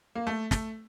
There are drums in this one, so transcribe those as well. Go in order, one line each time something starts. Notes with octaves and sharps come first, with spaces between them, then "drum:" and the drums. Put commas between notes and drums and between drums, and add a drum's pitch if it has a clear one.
A#3
A3
A3, drum: snare